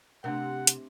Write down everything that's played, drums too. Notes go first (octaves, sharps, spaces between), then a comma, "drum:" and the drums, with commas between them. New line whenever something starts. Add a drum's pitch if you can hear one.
C3 A3 D4 A#4 F#5
drum: hi-hat